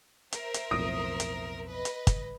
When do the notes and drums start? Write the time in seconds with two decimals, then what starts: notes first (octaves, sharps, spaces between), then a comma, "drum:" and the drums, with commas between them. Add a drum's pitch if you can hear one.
0.32 A#4 C5 E5, drum: hi-hat
0.54 drum: hi-hat
0.71 B1 F2 A2 D#6 A#6 D7
1.20 drum: hi-hat
1.67 B4 D#5
1.85 drum: hi-hat
2.07 drum: kick, hi-hat